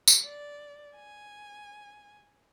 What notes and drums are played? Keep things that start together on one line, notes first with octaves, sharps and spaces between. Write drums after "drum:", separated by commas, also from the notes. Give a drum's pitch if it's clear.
drum: tambourine
D5
G#5